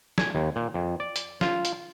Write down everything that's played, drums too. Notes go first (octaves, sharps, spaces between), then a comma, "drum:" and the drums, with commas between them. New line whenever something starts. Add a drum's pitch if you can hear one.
G#5, drum: snare
D#2
A#2
F2
D5
drum: hi-hat
F4, drum: snare
drum: hi-hat